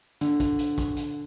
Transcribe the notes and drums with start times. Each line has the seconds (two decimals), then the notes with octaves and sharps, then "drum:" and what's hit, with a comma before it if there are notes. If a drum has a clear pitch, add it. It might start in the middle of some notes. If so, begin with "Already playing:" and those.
0.21 D3, drum: hi-hat
0.40 drum: kick, hi-hat
0.59 drum: hi-hat
0.78 drum: kick, hi-hat
0.97 drum: hi-hat